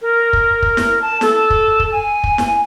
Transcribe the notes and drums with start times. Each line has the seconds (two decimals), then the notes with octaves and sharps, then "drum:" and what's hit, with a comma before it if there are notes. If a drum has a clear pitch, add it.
0.01 A#4
0.33 drum: kick
0.62 drum: kick
0.77 drum: snare
1.01 A5
1.21 A4, drum: snare
1.50 drum: kick
1.80 drum: kick
1.91 G#5
2.24 drum: kick
2.38 drum: snare